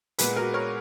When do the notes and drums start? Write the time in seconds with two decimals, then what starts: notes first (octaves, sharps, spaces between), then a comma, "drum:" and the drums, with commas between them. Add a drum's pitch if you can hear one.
0.18 A#2 G#3 B3 G#4 B4, drum: hi-hat
0.36 F#4 A#4
0.54 A#4 C#5